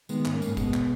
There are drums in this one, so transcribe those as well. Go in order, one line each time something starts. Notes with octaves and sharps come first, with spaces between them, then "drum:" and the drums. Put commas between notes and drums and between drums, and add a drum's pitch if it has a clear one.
D#3 G#3 B3, drum: tambourine
G#2, drum: clap
A#3 C#4
G#2, drum: tambourine
B2 G#3 B3, drum: kick, tambourine
drum: clap